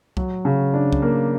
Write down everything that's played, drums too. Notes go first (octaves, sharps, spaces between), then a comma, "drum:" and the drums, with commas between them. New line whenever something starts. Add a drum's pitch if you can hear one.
F#3, drum: kick C2
C#3
D4
drum: kick C2
A#3